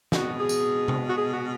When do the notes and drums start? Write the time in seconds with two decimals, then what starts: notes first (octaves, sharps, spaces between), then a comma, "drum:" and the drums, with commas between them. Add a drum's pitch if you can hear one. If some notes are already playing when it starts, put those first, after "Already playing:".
0.12 B2 G#3 F#4, drum: snare
0.38 G#4
0.49 drum: tambourine
0.88 drum: tom C3
1.08 F#4
1.15 G#4
1.33 F#4